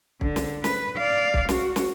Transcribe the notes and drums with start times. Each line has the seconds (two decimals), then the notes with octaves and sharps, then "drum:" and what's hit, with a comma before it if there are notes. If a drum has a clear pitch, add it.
0.21 D3, drum: kick
0.36 drum: snare
0.64 B4, drum: snare
0.97 D5 F5
1.34 drum: kick
1.49 F#4, drum: snare
1.76 drum: snare